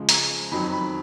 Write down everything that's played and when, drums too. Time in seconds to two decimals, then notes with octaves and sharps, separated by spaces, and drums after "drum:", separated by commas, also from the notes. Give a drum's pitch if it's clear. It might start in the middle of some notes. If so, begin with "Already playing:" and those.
Already playing: C#3 F3 G#3
0.09 A#5, drum: hi-hat
0.51 F2 D#3 F#3 B5
0.73 B5